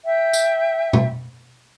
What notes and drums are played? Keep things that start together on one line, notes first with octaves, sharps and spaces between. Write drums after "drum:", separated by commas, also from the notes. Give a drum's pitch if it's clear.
E5 G5
drum: tambourine
drum: tom B2